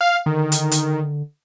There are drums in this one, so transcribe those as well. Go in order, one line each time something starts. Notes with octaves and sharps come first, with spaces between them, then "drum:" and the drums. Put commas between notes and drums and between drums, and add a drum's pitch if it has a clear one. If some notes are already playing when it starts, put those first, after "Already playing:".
F5
D3 D#3
drum: hi-hat
drum: hi-hat